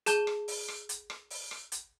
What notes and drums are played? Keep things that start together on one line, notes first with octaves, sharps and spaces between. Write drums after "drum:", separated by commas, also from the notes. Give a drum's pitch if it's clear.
G#4 A5 G6 E7 G7, drum: hi-hat
drum: rim click
drum: open hi-hat
drum: rim click
drum: hi-hat
drum: rim click
drum: open hi-hat
drum: rim click
drum: hi-hat